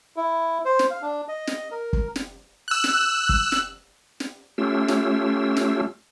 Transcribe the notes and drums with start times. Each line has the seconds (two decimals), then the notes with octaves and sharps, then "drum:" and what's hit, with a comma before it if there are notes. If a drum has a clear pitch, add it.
0.16 E4
0.65 C5
0.79 drum: snare
0.90 F5
1.02 D4
1.28 D#5
1.47 drum: snare
1.71 A#4
1.93 drum: kick
2.16 drum: snare
2.68 E6 F#6
2.84 drum: snare
3.29 drum: kick
3.52 drum: snare
4.20 drum: snare
4.58 A3 C#4 F4 G4 E6
4.88 drum: snare
5.57 drum: snare